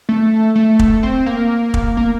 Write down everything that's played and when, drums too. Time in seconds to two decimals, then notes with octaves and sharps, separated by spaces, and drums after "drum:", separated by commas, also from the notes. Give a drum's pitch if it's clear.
0.09 A3
0.55 A3
0.79 drum: kick
1.03 C4
1.26 A#3
1.74 drum: kick
1.97 A#3